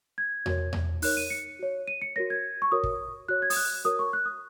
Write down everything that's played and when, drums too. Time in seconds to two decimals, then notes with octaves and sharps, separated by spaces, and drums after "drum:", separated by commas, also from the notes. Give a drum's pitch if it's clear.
0.18 G#6
0.46 F#4 A#4 C#5, drum: tom E2
0.73 drum: tom E2
1.02 D#4 A#4 C#5 F#6, drum: open hi-hat
1.17 D#7
1.30 C#7
1.59 F#4 C#5
1.88 D#7
2.02 C#7
2.16 F#4 A#4 C#5 A#6
2.30 G#6
2.62 C#6
2.72 F#4 A#4 C#5 D#6
2.83 drum: kick
3.28 F#4 C#5 F#6
3.42 G#6
3.50 D#6, drum: open hi-hat
3.57 F#6
3.84 F#4 A#4 C#5 D#6
3.99 C#6
4.13 F#6
4.25 D#6